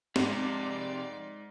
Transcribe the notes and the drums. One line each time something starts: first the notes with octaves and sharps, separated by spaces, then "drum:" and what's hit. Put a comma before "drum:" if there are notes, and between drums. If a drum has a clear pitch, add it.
F2 G#2 C3 D5, drum: snare